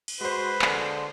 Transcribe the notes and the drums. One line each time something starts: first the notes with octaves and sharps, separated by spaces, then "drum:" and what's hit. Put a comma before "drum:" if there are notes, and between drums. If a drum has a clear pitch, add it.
drum: cymbal
G#3 F#4 B4 C5 C6
D3, drum: clap